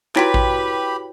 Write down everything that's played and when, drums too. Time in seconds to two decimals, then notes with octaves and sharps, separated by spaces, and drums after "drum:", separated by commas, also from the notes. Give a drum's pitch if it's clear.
0.16 E4 F#4 G4 B4 C#5 G5 B5 B6, drum: clap
0.34 drum: kick A1